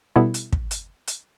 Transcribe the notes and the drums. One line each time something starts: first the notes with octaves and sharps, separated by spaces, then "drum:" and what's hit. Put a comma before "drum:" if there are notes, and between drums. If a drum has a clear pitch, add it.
B2 G3 B3 E4 A4
drum: hi-hat
drum: kick
drum: hi-hat
drum: hi-hat